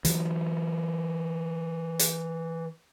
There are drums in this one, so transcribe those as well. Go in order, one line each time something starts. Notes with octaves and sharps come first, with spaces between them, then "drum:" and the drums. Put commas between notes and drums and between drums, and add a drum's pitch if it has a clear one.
E3 F#3, drum: hi-hat
drum: hi-hat